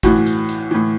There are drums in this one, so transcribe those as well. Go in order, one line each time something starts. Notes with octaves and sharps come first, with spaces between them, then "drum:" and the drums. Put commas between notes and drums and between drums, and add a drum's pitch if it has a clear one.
A2 E3 F#4, drum: kick, hi-hat
drum: hi-hat
drum: hi-hat
A2 E3